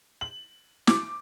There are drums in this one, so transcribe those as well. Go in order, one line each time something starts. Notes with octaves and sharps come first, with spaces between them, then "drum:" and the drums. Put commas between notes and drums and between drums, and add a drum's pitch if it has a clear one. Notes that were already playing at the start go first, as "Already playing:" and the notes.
F#7
D6, drum: snare